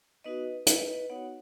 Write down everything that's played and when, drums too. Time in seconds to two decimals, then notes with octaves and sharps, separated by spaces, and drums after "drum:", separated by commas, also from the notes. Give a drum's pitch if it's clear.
0.24 B3 D#4 F#4 B4 D#5
0.66 G#3 B4 D#5, drum: hi-hat
0.88 B4 D#5
1.09 B3 D#4 F#4 C#5 F#5